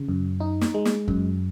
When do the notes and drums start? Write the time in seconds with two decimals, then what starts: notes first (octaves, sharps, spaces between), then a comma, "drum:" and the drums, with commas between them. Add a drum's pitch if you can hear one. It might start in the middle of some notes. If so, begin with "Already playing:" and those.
Already playing: C#3
0.09 F#2
0.40 D#4
0.61 drum: snare
0.74 G#3
0.85 drum: snare
1.08 F#2, drum: kick